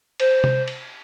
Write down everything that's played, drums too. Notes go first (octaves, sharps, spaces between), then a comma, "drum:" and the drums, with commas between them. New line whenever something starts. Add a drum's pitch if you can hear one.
C5, drum: cymbal
drum: tom C3
drum: cymbal